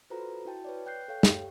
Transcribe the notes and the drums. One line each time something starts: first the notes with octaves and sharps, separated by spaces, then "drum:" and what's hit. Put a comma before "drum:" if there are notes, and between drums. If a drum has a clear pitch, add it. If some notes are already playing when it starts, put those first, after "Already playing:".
F4 F#4 A4 B4 C5 A#5
E4 F#4 G5 A5
B4 C#5 D5
G5 F#6 G6 C7
A4 C#5 F5 G5
G4, drum: snare